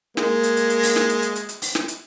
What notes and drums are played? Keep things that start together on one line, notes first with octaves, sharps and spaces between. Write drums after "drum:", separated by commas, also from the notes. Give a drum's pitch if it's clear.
G#3 A#3, drum: snare
drum: hi-hat
drum: hi-hat
drum: hi-hat
drum: open hi-hat
drum: snare
drum: hi-hat
drum: hi-hat
drum: hi-hat
drum: hi-hat
drum: open hi-hat
drum: snare
drum: hi-hat